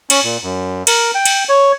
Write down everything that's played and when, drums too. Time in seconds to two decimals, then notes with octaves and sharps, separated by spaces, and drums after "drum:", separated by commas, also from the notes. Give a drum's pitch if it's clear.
0.10 C#4, drum: cymbal
0.24 A#2
0.43 F#2
0.87 A#4, drum: cymbal
1.15 G5
1.25 drum: cymbal
1.49 C#5